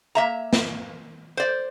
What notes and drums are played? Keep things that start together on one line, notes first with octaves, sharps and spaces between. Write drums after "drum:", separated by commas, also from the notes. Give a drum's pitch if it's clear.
A#3 E5 A#5
drum: snare
C5 D5